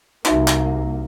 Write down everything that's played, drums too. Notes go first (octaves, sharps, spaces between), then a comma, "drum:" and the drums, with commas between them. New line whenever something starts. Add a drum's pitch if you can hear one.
C2 A#3 D#4 F#4 E5, drum: clap
drum: clap